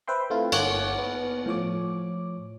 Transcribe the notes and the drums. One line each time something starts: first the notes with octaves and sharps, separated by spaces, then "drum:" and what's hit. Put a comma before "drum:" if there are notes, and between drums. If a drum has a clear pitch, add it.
B4 C5 E5 G5 C6
A3 C4 E4 F4
G1 A#3 C#5 F#5 D6, drum: cymbal
B3
A2 F3 C#5 D6